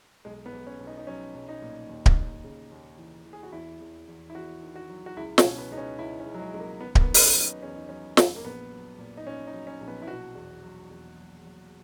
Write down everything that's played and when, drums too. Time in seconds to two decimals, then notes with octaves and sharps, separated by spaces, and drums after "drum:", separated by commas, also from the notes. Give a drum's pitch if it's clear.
0.25 B1 G#3
0.46 B3
0.52 B1
0.67 C#4
0.80 B1
0.87 D#4
0.97 D#4
1.07 F#3 C#4
1.34 B1
1.48 D#4
1.62 A#2
1.89 D#2
2.06 drum: kick D1
2.17 D#2
2.44 C#3
2.71 D#2
2.98 E3
3.26 E3
3.33 G#4
3.43 F#4
3.52 E2 E4
3.81 E2
4.08 E2
4.30 E4
4.35 E2 F#4
4.63 D#3
4.75 F#4
4.90 F#3
5.06 F#4
5.17 C#2 E4
5.38 C#4, drum: snare
5.44 B2
5.58 B3
5.71 C#2 D#4
5.78 C#4
5.98 C#2 E4
6.20 C#4
6.25 C#2
6.34 F#3
6.40 G#3
6.53 C#2 G#3
6.59 A#3
6.80 D#3 B3
6.95 A#3, drum: kick D1
7.01 B3
7.08 D#3
7.14 B3, drum: open hi-hat
7.21 C#4
7.35 F#3
7.42 D#4
7.62 E2 C#4
7.76 D#4
7.89 F#3 C#4
8.17 F#1, drum: snare
8.36 A#3
8.44 A#1 B3
8.72 F#3
8.98 A#2
9.17 D#4
9.26 A#2 C#4
9.47 D#4
9.54 F#3
9.67 C#4
9.80 A#1
9.88 B3
10.02 E4
10.07 B2 F#4
10.35 E2
10.63 F#3
10.90 E2
11.17 F#3
11.44 F#3